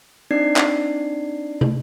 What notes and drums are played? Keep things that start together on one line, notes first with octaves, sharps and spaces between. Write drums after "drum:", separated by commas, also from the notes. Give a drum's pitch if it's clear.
C4 D4 D#4 D5 G#6 C7
drum: clap
drum: tom